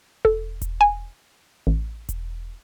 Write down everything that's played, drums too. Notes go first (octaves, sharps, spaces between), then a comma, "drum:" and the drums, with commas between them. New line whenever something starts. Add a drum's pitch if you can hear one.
A4, drum: kick E1
drum: kick E1, hi-hat
G#5
A1
drum: kick E1, hi-hat